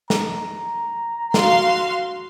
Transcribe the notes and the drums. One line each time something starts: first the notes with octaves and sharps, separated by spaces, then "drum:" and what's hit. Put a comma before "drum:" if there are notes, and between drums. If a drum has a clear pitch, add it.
A#5, drum: snare
F#4 F5 C6, drum: snare